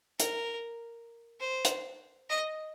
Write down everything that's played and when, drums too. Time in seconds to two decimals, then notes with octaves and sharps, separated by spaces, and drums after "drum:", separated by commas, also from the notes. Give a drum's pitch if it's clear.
0.20 A#4, drum: hi-hat
1.40 C5
1.65 drum: hi-hat
2.30 D#5